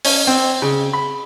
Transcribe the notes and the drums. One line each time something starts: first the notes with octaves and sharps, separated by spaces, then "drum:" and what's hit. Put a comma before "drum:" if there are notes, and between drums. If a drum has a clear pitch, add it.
C#4, drum: open hi-hat
C4
C#3
B5